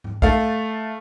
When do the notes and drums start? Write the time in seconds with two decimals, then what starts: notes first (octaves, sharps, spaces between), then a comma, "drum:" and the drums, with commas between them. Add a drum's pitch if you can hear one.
0.04 drum: tom G#2
0.22 A3 F5, drum: kick B1